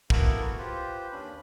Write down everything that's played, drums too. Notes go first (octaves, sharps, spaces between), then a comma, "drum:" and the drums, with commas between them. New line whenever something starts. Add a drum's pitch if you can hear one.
A#3 B3 E4 F#4 A4 A#4, drum: kick
F4 G4 B4 C5
D#2 C#4 D4 B5